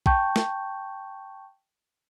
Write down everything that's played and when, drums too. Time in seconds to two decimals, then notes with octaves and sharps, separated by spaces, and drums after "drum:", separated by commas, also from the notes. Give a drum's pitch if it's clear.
0.06 G5 A5 C#6 G6, drum: kick
0.36 drum: snare